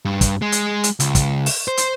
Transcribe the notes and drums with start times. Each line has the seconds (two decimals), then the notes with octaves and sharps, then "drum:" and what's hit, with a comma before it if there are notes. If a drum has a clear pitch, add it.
0.05 G2
0.21 drum: kick, hi-hat
0.42 G#3
0.52 drum: hi-hat
0.84 drum: hi-hat
1.00 C#2, drum: hi-hat
1.15 drum: kick, hi-hat
1.46 drum: open hi-hat
1.68 C5
1.77 drum: hi-hat